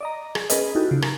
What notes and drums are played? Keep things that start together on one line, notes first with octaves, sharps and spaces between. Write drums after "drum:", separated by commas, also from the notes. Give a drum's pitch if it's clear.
D5 D#5 A#5
G#4, drum: rim click
C#4 G#4 A#4 B4 D#5, drum: hi-hat
D#4 E4 F#4 G4 A4
C#3 F4
A#4, drum: rim click